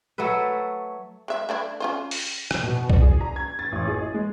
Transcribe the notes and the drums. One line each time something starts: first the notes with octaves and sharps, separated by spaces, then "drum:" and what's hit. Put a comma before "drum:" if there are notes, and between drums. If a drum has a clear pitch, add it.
F#3 A3 A4 B4
G#3 E5
A3 D4 E4
C#4 F4 C5
drum: open hi-hat
drum: rim click
B2
D5, drum: kick
G#4
A#5
G#6
A6
A1
G#4
D#5
G#3